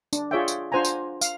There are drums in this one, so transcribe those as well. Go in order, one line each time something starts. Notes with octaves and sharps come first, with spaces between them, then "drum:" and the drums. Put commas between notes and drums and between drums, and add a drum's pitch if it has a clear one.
D4, drum: tambourine
F4 G#4 C#5 D5 E5 G5
drum: tambourine
D4 F4 C5 F#5 G#5 A#5
drum: tambourine
F5, drum: tambourine